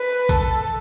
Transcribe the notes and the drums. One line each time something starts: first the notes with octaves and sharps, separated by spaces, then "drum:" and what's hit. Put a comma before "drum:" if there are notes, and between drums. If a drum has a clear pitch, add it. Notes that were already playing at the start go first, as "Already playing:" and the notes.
Already playing: B4
A4, drum: kick A#1